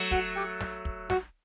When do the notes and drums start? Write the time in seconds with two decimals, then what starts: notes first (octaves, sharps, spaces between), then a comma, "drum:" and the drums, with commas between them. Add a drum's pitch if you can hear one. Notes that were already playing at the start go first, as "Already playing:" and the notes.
Already playing: F#3 A3
0.11 F#4 F#5, drum: kick, hi-hat
0.36 G4 G5
0.61 drum: snare
0.85 drum: kick
1.10 F#4 F#5, drum: snare